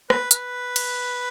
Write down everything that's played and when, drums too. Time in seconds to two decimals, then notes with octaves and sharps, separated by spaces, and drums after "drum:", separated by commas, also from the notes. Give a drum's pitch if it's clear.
0.10 B4, drum: rim click
0.31 B4, drum: hi-hat
0.76 drum: cymbal